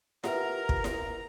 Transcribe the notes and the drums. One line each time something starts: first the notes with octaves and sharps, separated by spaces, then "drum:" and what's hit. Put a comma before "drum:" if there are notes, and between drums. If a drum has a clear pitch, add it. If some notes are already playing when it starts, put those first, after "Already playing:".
F4 G4 A#4 B4 E5 F#5 A#5, drum: snare E4
drum: kick
drum: snare E4